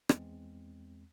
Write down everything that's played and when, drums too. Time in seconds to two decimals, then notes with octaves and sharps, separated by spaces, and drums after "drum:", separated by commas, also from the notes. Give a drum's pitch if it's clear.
0.09 E2 G#3 C4, drum: rim click